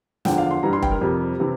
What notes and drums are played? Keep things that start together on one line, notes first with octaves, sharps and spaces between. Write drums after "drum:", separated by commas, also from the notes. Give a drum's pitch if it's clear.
E2 D3 F3 G5, drum: snare
F5
C6
G2 E3 G3 A#5
C6
G5, drum: kick F1
A#4
F2 C3 G3
C3 E3